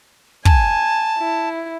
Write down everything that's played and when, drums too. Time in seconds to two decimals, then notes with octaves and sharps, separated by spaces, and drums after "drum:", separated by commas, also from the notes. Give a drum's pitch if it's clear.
0.45 G#5 A5, drum: kick
1.18 E4